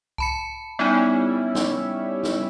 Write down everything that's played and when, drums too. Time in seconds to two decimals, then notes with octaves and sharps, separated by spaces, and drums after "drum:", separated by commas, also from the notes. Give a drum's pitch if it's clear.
0.18 A5 B5 C#7, drum: kick C2
0.79 G3 B3 C#4 D#4 E4
1.55 drum: snare
2.23 drum: snare